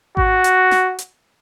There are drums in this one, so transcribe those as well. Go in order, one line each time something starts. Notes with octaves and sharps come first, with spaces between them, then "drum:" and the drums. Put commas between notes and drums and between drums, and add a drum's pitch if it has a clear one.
F#4, drum: kick G#1
drum: hi-hat
drum: snare
drum: hi-hat